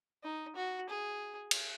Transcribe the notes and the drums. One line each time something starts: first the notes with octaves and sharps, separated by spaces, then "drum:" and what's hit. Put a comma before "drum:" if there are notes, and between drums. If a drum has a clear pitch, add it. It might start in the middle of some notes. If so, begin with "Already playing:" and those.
D#4
F#4
G#4
drum: cymbal